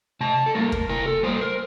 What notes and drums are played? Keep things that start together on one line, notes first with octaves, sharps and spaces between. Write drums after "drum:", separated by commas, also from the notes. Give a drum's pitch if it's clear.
C3 A5
A4
G3 A#3 A#4
drum: kick
C3 A#4
A4
G3 A#3 C5
A#4